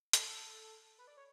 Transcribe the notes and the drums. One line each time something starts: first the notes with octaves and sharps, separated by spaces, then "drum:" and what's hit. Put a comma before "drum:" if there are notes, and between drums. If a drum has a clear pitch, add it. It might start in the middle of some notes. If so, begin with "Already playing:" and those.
A4, drum: hi-hat
B4
D5
C#5